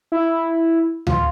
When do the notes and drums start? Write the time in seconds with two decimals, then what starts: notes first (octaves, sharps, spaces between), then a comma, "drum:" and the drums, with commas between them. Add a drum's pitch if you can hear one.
0.12 E4
1.07 F4, drum: tom D2